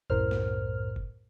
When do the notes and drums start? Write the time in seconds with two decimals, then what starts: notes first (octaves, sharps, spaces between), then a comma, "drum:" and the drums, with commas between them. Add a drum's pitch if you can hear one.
0.10 C2 F#2 A2 A#4 C5 F6, drum: kick F#1
0.31 drum: snare
0.96 drum: kick F#1